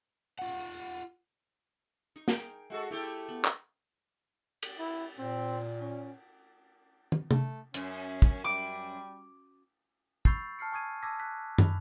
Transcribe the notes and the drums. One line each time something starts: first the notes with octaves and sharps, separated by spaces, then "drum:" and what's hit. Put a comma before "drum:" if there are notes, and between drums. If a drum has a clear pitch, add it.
F4 F#5
D#4 C#6
G#4 A#4 G5, drum: snare
G#3 F#4 A4
A3 E4 G4 A4 C#5
B3
drum: clap
drum: cymbal
E4
A#2 C4
C#4
drum: tom
A3, drum: tom C3
F#2 C#4, drum: hi-hat
drum: kick
G3 D6
B5 C#6 E6 G6 A6 C7, drum: kick
A5 F6 C7 C#7
G#5 C#6 D#6 G#6 D#7
A5 D6 E6 G#6 A#6 B6
F#6 B6
B5, drum: tom